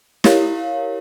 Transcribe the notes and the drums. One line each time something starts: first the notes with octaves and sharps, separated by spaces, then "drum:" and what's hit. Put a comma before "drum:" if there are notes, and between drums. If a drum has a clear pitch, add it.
E4 G4 A#4 C#5 F5, drum: snare